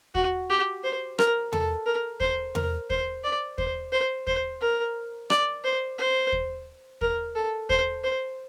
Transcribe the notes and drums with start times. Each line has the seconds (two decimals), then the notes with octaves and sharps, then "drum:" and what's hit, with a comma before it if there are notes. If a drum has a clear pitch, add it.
0.15 F#4, drum: kick
0.50 G4
0.84 C5
1.19 A#4, drum: rim click
1.53 A4, drum: tom E2
1.86 A#4
2.20 C5, drum: kick
2.55 A#4, drum: tom E2
2.90 C5, drum: kick
3.24 D5
3.58 C5, drum: kick
3.92 C5
4.27 C5, drum: kick
4.62 A#4
5.30 D5, drum: rim click
5.64 C5
5.98 C5
6.32 drum: kick
7.01 A#4, drum: kick
7.36 A4
7.70 C5, drum: kick
8.04 C5